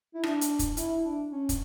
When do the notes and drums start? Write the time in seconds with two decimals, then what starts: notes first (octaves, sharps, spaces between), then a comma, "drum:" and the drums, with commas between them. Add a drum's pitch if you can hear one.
0.14 E4
0.23 D4, drum: rim click
0.41 drum: hi-hat
0.59 drum: kick, hi-hat
0.77 E4, drum: hi-hat
1.04 D4
1.32 C#4
1.49 drum: kick, hi-hat